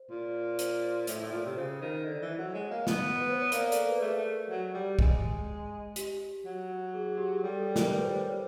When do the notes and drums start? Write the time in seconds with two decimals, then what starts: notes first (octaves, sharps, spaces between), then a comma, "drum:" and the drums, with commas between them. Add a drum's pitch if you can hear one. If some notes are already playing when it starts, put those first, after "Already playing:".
Already playing: C5
0.09 A#2
0.59 C5, drum: hi-hat
1.07 A2, drum: hi-hat
1.20 A2
1.32 A#2
1.44 C3
1.56 C#3 C5
1.81 D#3
2.05 D3
2.22 E3
2.38 F#3
2.54 G#3 C#5
2.70 A#3
2.87 B3, drum: snare
3.20 B4
3.32 C5
3.41 C#5
3.52 A#3 D5, drum: hi-hat
3.64 D5
3.72 A4, drum: hi-hat
3.77 A#4
3.89 B4
4.00 A3 G#4
4.17 A3
4.50 F#3
4.74 G3
4.99 G#3, drum: kick
5.96 G4, drum: hi-hat
6.45 F#3
6.94 G#4
7.06 G#4
7.18 G4
7.30 G#4
7.43 G3 A4
7.59 A4
7.76 A#4, drum: snare
7.92 B4
8.04 C5
8.16 C5
8.28 C#5